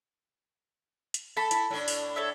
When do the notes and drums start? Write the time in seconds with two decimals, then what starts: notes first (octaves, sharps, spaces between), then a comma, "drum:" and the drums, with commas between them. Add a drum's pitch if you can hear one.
1.14 drum: hi-hat
1.37 A3 A4 A5 B5
1.51 E4, drum: hi-hat
1.71 A2 D4
1.88 drum: open hi-hat
2.16 A4 C#5 E5